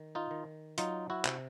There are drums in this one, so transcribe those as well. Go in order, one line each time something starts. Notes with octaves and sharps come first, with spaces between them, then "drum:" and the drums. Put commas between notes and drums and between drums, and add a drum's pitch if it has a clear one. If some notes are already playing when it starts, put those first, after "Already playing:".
Already playing: D#3
D#4 F4
D#3
F#3 D#4 F4, drum: hi-hat
E4 F#4
C3, drum: clap